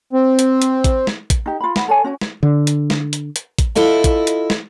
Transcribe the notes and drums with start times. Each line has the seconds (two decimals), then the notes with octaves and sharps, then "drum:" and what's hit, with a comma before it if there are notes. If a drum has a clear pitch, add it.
0.13 C4
0.39 drum: hi-hat
0.62 drum: hi-hat
0.84 drum: kick A1, hi-hat
1.07 drum: snare
1.30 drum: kick A1, hi-hat
1.46 D#4 G4
1.61 F4 B5
1.76 F#5 B5, drum: snare
1.88 A4 C#5 G#5
2.04 C#4 F#4 G#5
2.21 drum: snare
2.43 D3
2.67 drum: hi-hat
2.90 drum: snare
3.13 drum: hi-hat
3.36 drum: hi-hat
3.59 drum: kick A1, hi-hat
3.75 E4 F4 A4 D#5 E5
4.04 drum: kick A1, hi-hat
4.27 drum: hi-hat
4.50 drum: snare